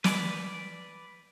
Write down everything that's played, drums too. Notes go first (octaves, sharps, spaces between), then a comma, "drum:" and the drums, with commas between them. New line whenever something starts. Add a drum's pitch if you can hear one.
B4 D5, drum: snare